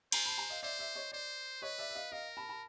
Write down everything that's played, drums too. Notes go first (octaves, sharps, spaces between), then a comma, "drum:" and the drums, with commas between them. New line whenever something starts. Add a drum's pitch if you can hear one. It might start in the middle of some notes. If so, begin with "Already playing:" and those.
C5 G#5 A#5, drum: cymbal
A5 B5
G#5 A#5
D#5 F5
C5 D5 E5
D5 E5
C#5 D#5
C5 D5
B4 C#5 D#5
D5 E5
E5
D#5 F5
A#4 D#5 F5
A5 B5
A5 B5